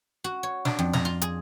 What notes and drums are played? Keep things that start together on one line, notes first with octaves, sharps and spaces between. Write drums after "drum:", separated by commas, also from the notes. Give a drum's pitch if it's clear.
F#4
C#5
D4, drum: snare
F2
A#5, drum: snare
F4
G#4, drum: hi-hat